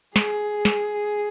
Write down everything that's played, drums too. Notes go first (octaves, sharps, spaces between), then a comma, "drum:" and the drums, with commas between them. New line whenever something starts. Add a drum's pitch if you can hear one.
G#4, drum: snare
drum: snare